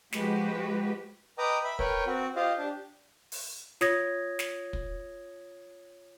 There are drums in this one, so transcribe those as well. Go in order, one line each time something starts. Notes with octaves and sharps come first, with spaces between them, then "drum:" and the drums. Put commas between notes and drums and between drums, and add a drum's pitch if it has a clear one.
F3 G#3 F#4 G4 B4, drum: snare
B4 D#5 G5 A#5 D6 D#6
E5 B5
A#4 B4 C#5 G5, drum: kick
C4 F#4
F4 G4 C5 D#5 F5
D4 G4
drum: open hi-hat
F4 C#5 D#6 G#6 A#6, drum: snare
drum: snare
drum: kick